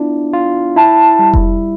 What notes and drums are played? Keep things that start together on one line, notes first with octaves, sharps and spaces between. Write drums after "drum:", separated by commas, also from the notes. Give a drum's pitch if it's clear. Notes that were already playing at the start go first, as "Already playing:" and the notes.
Already playing: B3 D4 E4 F4
F4
E4 A5
G3
drum: kick F1